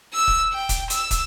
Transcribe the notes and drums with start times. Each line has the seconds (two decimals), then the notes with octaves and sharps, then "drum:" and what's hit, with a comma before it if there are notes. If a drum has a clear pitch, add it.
0.14 E6
0.28 drum: kick
0.53 G5
0.69 drum: kick, hi-hat
0.90 E6, drum: hi-hat
1.11 drum: kick, hi-hat